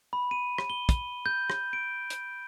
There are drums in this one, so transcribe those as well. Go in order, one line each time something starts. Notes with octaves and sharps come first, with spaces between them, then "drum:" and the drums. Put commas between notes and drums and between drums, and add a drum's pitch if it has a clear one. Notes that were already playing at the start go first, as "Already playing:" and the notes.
B5
D#7
drum: rim click
G7
drum: kick, hi-hat
G6
drum: rim click
D7
drum: hi-hat